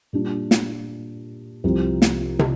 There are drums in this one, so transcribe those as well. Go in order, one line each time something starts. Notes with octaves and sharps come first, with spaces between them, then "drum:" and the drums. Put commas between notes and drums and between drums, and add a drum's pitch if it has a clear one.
A#2 G3 D4
drum: snare
C2 C3 F3 C4 G4
drum: snare
drum: tom